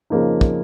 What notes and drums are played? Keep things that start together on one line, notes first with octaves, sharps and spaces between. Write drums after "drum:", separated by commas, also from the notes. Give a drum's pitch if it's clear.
F2 C#3 F3 A#3 D#4
drum: kick